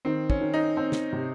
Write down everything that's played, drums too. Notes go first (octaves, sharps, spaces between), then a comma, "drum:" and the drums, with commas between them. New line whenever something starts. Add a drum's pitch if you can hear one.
D#3 C4
C#4, drum: kick
D#3
D#4
C4
drum: snare
C3